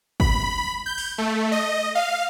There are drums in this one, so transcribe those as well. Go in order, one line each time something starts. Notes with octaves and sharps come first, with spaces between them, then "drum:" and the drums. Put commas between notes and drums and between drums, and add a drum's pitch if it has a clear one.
B5, drum: kick
G6
drum: open hi-hat
A3
D#5
F5